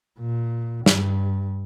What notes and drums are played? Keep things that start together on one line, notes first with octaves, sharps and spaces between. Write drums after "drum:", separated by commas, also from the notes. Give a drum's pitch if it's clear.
A#2
G2, drum: snare